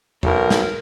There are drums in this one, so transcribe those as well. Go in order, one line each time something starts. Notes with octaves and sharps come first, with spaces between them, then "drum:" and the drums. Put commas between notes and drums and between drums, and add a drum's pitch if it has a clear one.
B1 A#4, drum: tom E2
drum: snare